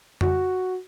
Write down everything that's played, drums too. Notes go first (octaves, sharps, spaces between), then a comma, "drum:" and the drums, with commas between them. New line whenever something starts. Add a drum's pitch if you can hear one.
F#4, drum: tom F2